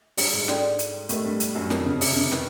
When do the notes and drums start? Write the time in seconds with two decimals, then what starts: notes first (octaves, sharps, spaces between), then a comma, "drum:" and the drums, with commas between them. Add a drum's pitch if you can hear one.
0.17 G2 G3, drum: open hi-hat
0.33 G#2 G#3
0.48 C#4 F#4 A4 D5 G5, drum: snare
0.79 drum: hi-hat
1.09 A2 A3 D4 G4 A#4 D#5, drum: hi-hat
1.25 G2 G3
1.40 drum: hi-hat
1.55 F#2 F#3
1.70 F2 F3 G4 A#4 C#5, drum: snare
1.86 C#3
2.01 C3, drum: open hi-hat
2.16 C#3
2.32 D#3 B4 D#5, drum: snare